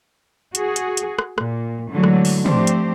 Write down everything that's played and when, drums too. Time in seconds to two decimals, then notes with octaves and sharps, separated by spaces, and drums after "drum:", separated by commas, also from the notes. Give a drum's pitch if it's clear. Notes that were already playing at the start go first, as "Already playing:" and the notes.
0.55 F#4 G#4, drum: hi-hat
0.76 drum: hi-hat
0.97 drum: hi-hat
1.19 drum: rim click
1.38 A#2, drum: rim click
1.91 D3 E3 F#3 G#3 A3
2.04 drum: rim click
2.25 drum: open hi-hat
2.46 F3 A3 C4 D4 G4 C5, drum: tom
2.67 drum: hi-hat